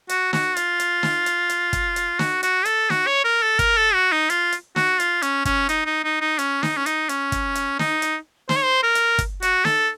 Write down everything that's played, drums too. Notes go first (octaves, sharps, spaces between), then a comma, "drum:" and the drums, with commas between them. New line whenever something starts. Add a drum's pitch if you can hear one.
F#4, drum: hi-hat
F#4, drum: snare
F4, drum: hi-hat
drum: hi-hat
drum: snare
drum: hi-hat
drum: hi-hat
drum: kick, hi-hat
drum: hi-hat
F#4, drum: snare
F#4, drum: hi-hat
A4, drum: hi-hat
F#4, drum: snare
C#5
A#4
A4
A#4, drum: kick, hi-hat
A4
F#4
D#4
F4, drum: hi-hat
drum: hi-hat
F#4, drum: snare
F4, drum: hi-hat
C#4, drum: hi-hat
C#4, drum: kick, hi-hat
D#4, drum: hi-hat
D#4
D#4
D#4
C#4, drum: hi-hat
D#4, drum: snare
C#4
D#4, drum: hi-hat
C#4, drum: hi-hat
drum: kick, hi-hat
drum: hi-hat
D#4, drum: snare
drum: hi-hat
C5, drum: snare
C#5
C5
A#4
drum: hi-hat
drum: kick, hi-hat
F#4, drum: hi-hat
A4, drum: snare